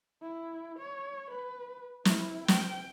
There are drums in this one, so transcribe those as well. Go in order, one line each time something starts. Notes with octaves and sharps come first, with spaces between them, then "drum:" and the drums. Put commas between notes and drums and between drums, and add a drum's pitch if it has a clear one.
E4
C#5
B4
E4, drum: snare
G5, drum: snare